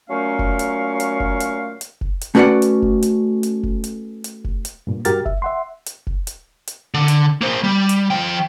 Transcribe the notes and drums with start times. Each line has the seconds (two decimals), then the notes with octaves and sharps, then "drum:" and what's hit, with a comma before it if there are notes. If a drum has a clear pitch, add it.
0.10 A#2 F#3 A3 C#4 F5 C#6
0.39 drum: kick F1
0.59 drum: hi-hat
1.00 drum: hi-hat
1.20 drum: kick F1
1.40 drum: hi-hat
1.81 drum: hi-hat
2.01 drum: kick F1
2.21 drum: hi-hat
2.35 A3 C#4 F#4 B4 D5 F#5
2.62 drum: hi-hat
2.82 drum: kick F1
3.03 drum: hi-hat
3.43 drum: hi-hat
3.63 drum: kick F1
3.84 drum: hi-hat
4.24 drum: hi-hat
4.44 drum: kick F1
4.65 drum: hi-hat
4.87 G2 A#2
5.05 G2 F#4 G4 A#4 F6 A6, drum: hi-hat
5.26 E5, drum: kick F1
5.42 E5 F#5 C6
5.86 drum: hi-hat
6.07 drum: kick F1
6.27 drum: hi-hat
6.67 drum: hi-hat
6.94 D3
7.08 drum: hi-hat
7.41 A#3 C5
7.64 G3
7.89 drum: hi-hat
8.10 F3 G5